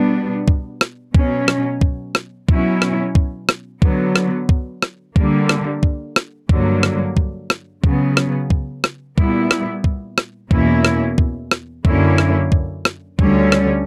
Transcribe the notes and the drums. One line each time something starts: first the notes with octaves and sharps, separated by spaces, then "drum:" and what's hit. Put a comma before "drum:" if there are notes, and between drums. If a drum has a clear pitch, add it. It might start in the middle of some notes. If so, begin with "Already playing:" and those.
Already playing: B2 G3 B3 D4
drum: kick
drum: rim click
B2 F#3 C#4, drum: kick
drum: rim click
drum: kick
drum: rim click
B2 F#3 C#4 E4, drum: kick
drum: rim click
drum: kick
drum: rim click
D3 F#3 B3, drum: kick
drum: rim click
drum: kick
drum: rim click
D3 G3 A#3, drum: kick
drum: rim click
drum: kick
drum: rim click
G2 D3 F#3 A#3, drum: kick
drum: rim click
drum: kick
drum: rim click
C#3 F#3 B3, drum: kick
drum: rim click
drum: kick
drum: rim click
A#2 G3 B3 E4, drum: kick
drum: rim click
drum: kick
drum: rim click
E2 B2 A#3 C#4 E4, drum: kick
drum: rim click
drum: kick
drum: rim click
F#2 D3 A#3 C#4 E4, drum: kick
drum: rim click
drum: kick
drum: rim click
D2 D3 G3 C#4, drum: kick
drum: rim click